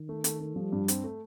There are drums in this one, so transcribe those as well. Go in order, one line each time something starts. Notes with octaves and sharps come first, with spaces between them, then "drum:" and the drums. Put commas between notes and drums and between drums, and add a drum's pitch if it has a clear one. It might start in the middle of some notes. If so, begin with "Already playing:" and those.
Already playing: D#3
A3
A3, drum: hi-hat
A3
F3 G3
G2
C4, drum: hi-hat
A3